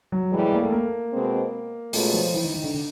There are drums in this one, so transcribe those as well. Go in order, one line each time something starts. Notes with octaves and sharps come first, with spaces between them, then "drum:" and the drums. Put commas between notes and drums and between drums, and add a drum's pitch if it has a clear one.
F#3
A2 E3 G3 G#3
A#3
A3
A#3
B2 G#3 C4
B2 G#3 A3 C#4 F4, drum: open hi-hat
F3
E3
D#3
D#3
D3
D3